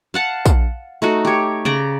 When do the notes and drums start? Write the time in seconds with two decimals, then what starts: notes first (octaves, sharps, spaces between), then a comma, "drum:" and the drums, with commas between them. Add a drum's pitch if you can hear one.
0.14 F5 F#5 A5
0.46 drum: kick, tambourine
1.02 A3 D#4 F#4
1.25 G4 C#5
1.65 C#3 D5 A#5